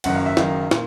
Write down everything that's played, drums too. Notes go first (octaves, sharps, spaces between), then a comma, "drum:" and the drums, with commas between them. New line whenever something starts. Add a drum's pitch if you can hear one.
F#1 F#2 D#3 F#5, drum: cymbal
F5
E5
F#1 F#2 D#3 F5, drum: snare
A#2, drum: snare